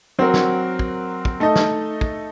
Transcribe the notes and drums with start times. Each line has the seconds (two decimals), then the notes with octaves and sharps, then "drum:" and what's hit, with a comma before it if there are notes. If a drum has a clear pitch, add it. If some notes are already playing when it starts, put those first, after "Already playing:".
0.19 F#3 C4 F#4 A#4
0.34 drum: snare
0.79 drum: kick
1.25 drum: kick
1.40 A3 D#4 A4 D#5
1.56 drum: snare
2.01 drum: kick